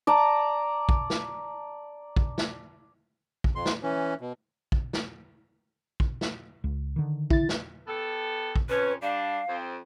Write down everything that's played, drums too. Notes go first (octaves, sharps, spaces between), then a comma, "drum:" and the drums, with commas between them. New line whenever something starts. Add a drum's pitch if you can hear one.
D5 A5 A#5
drum: kick
drum: snare
drum: kick
drum: snare
drum: kick
F2 C6
drum: snare
E3 C#4
B2
drum: kick
drum: snare
drum: kick
drum: snare
C#2
D3 D#3
E4 A6, drum: kick
drum: snare
B3 G4 A4
drum: kick
F2 C#4 B4
G3 D4 F5
F2 C4